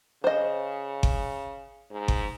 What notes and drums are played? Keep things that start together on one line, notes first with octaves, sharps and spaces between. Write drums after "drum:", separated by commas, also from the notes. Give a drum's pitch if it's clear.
C#3 C5 D#5
drum: kick G1
G#2
drum: kick G1